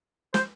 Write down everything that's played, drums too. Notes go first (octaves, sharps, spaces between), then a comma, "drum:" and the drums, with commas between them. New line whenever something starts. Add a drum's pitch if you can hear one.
C5, drum: snare